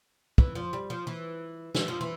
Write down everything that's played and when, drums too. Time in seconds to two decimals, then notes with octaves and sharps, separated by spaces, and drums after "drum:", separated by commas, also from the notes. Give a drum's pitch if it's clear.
0.38 E3, drum: kick
0.55 F3
0.73 G3
0.90 F3
1.07 E3
1.75 E3, drum: snare
1.88 F3
2.01 E3